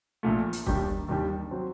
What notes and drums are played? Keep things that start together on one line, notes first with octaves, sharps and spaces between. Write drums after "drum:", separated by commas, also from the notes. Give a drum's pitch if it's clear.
A#1 A#2 A3
drum: hi-hat
D#2 D#3 G3 D4 G4, drum: kick
D#2 D#3 G3 D4 G4
F#3 C4